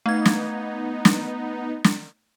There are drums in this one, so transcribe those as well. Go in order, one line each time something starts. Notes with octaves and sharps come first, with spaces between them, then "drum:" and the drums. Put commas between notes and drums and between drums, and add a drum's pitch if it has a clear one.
A3 B3 D#4 G#6
drum: snare
drum: snare
drum: snare